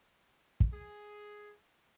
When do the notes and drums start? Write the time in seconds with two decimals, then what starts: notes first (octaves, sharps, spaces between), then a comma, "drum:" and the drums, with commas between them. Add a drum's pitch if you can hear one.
0.60 drum: kick
0.73 G#4